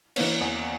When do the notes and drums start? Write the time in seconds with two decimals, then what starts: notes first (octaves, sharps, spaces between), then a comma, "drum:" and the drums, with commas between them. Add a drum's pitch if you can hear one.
0.16 E3 A#3 C#4, drum: cymbal
0.41 E2